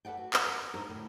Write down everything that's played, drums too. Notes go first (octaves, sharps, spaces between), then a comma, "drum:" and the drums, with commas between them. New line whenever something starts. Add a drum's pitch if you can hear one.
A4 B4 D5 F#5 G5
F#4
A#4, drum: clap
A#4
G#2 D4 A#4
A2 D3